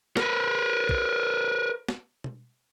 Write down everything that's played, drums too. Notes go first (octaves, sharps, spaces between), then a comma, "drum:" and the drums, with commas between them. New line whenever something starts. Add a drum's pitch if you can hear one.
A#4 B4, drum: snare
drum: kick
drum: snare
drum: tom B2